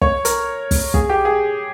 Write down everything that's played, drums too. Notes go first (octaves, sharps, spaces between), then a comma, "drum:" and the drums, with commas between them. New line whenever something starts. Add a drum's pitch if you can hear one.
C#5, drum: kick
A#4, drum: hi-hat
drum: kick, open hi-hat
G#4, drum: kick
G4
G#4